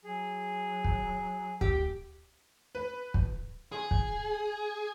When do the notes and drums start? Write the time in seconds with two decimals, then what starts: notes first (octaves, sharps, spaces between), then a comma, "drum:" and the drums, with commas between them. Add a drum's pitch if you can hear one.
0.04 F#3 G#4
0.84 drum: kick
1.61 D2 G4, drum: kick
2.75 B4
3.14 drum: kick
3.72 G#4
3.91 drum: kick